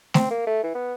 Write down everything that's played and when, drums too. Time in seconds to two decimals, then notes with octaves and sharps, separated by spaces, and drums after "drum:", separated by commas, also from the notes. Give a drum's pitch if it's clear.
0.14 C4, drum: snare A3
0.30 A#3
0.47 A3
0.63 E3
0.75 B3